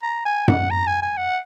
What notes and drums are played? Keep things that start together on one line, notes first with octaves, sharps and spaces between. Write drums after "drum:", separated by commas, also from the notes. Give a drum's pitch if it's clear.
A#5
G#5
F#5, drum: tom F#2
A#5
G#5
G#5
F#5